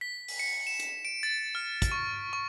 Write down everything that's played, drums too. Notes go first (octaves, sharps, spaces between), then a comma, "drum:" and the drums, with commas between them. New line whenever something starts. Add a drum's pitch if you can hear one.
B6
drum: open hi-hat
C#7
E7
drum: hi-hat
D7
A6
F6
drum: kick, hi-hat
C#6
C#6